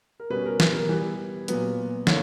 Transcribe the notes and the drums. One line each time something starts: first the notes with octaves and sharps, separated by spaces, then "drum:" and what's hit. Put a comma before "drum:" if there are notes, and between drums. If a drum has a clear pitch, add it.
A#4
B2 G3 C#4 B4
A#4
B4, drum: snare
A#4
E3 G3 B3 B4
A#2 F#3 B3, drum: hi-hat
D3 A#3 C#5, drum: snare